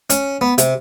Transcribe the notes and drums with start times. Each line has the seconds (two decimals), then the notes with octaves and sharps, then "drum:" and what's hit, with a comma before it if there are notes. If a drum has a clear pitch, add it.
0.10 C#4, drum: hi-hat
0.41 B3
0.58 C3, drum: hi-hat